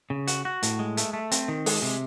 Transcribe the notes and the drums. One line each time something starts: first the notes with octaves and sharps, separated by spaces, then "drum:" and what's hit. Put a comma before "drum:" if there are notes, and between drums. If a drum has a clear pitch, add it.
C#3
F#4, drum: hi-hat
F#4
A2, drum: hi-hat
G#3
A3, drum: hi-hat
A3
C4, drum: hi-hat
D#3
G#3, drum: open hi-hat
C3